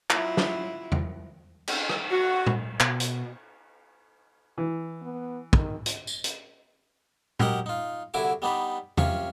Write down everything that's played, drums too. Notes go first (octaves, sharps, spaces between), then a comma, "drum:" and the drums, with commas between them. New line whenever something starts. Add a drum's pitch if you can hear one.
F#3 E4 F4, drum: clap
drum: snare
drum: tom E2
drum: cymbal
drum: rim click
F#4
drum: tom A#2
B2, drum: clap
drum: hi-hat
E3
B3
D#3, drum: kick
drum: hi-hat
drum: tambourine
drum: hi-hat
F#3 G4 A#4 D#5 F#5, drum: tom A#2
D#4 F4
C2 D3 E4 F#4 G#5 D6
G3 B3 D4 D#4 B4
C3 C#4 F4 C#6, drum: tom E2